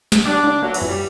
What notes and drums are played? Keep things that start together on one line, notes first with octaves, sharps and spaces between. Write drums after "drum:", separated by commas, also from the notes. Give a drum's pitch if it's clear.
drum: snare
G3 D4
D3
F#3 A#3
E3, drum: cymbal
F#2
G3